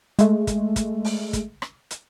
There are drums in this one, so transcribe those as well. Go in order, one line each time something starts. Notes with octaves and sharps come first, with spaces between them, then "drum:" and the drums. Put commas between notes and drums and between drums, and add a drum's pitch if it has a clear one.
G#3 A3, drum: hi-hat
drum: kick, hi-hat
drum: kick, hi-hat
drum: open hi-hat
drum: kick, hi-hat
drum: rim click
drum: hi-hat